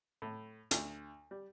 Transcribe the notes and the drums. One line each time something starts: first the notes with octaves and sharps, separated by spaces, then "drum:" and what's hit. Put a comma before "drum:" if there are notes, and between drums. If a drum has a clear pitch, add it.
A2
D2, drum: hi-hat
G3